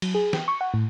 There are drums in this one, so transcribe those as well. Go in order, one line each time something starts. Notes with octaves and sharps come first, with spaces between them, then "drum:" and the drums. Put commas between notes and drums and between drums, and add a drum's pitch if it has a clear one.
F#3, drum: cymbal
G#4
G5, drum: snare
C#6
F#5
A2